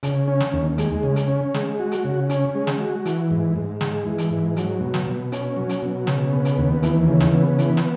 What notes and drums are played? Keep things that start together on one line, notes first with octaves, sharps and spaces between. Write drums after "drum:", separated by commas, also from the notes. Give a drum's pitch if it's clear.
C#3, drum: hi-hat
C#4
drum: snare
D#2
G#3, drum: hi-hat
C#3
drum: hi-hat
C#4
G#3, drum: snare
F#4
drum: hi-hat
C#3
C#4, drum: hi-hat
G#3
drum: snare
F#4
E3, drum: hi-hat
G#2
G#2
G#3, drum: snare
E3
drum: hi-hat
G#2
F#3, drum: hi-hat
B2
drum: snare
B2
C#4, drum: hi-hat
F#3
drum: hi-hat
B2
C#3, drum: snare
B3
drum: hi-hat
D#2
E3, drum: hi-hat
C#3
drum: snare
B3
E3, drum: hi-hat
drum: snare